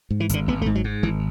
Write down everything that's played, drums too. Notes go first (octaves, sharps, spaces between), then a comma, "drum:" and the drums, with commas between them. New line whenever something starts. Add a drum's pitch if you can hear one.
G#2
E3
G#1 D3, drum: hi-hat
G#1 B3
A3, drum: kick G#1
G#2
F#3
G#2
G#1 E3